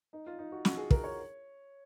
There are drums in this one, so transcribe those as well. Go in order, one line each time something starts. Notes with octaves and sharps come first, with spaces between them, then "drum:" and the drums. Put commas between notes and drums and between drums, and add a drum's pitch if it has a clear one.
D#4
F4
D#4
F#4
F#4, drum: snare
G#4
A#4, drum: kick
C#5